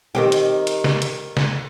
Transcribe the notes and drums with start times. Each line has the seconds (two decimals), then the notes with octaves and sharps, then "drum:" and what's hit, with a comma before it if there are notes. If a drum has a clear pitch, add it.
0.15 D#3 C4 G4
0.32 drum: hi-hat
0.67 drum: hi-hat
0.84 drum: snare
1.02 drum: hi-hat
1.37 drum: snare